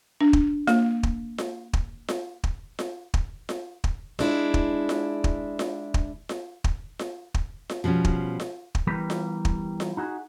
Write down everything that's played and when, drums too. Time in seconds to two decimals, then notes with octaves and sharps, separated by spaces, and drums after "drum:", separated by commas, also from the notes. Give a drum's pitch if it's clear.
0.21 D4
0.33 drum: kick
0.67 A#3, drum: snare F4
1.03 drum: kick
1.38 drum: snare F4
1.73 drum: kick
2.08 drum: snare F4
2.44 drum: kick
2.79 drum: snare F4
3.14 drum: kick
3.49 drum: snare F4
3.84 drum: kick
4.19 G#3 D4 E4, drum: snare F4
4.54 drum: kick
4.89 drum: snare F4
5.24 drum: kick
5.59 drum: snare F4
5.94 drum: kick
6.29 drum: snare F4
6.64 drum: kick
6.99 drum: snare F4
7.34 drum: kick
7.69 drum: snare F4
7.84 B2 F3 G3 C#4
8.05 drum: kick
8.40 drum: snare F4
8.75 drum: kick
8.87 E3 G3 B3 G4 A#4 B4
9.10 drum: snare F4
9.45 drum: kick
9.80 drum: snare F4
9.97 D#4 F#4 G#4